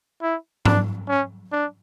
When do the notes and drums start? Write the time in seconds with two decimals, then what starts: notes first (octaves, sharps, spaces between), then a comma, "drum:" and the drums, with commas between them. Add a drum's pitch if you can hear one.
0.22 E4
0.65 D4, drum: tom G#2
1.08 C#4
1.52 D4